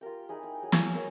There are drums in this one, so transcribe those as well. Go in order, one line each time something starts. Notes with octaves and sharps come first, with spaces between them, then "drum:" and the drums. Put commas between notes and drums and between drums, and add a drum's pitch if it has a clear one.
F4 G4 A#4 G5
D#4 E4 G#4
G5
F#3 G#4
drum: snare
A#4 C#5 G#5 A#5